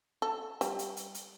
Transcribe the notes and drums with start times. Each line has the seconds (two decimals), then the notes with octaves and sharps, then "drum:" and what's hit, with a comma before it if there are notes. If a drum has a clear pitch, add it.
0.22 A4
0.61 G3, drum: hi-hat
0.79 drum: hi-hat
0.97 drum: hi-hat
1.14 drum: hi-hat